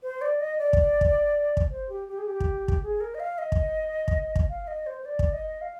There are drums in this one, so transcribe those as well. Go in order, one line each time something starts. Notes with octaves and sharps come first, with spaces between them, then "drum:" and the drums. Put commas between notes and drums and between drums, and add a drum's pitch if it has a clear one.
C5
D5
D#5
D5
drum: kick
drum: kick
drum: kick
C5
G4
G4
G#4
G4
drum: kick
drum: kick
G#4
A#4
D#5
F5
D#5
drum: kick
drum: kick
drum: kick
F5
D#5
C5
C5
D5
drum: kick
D#5
F5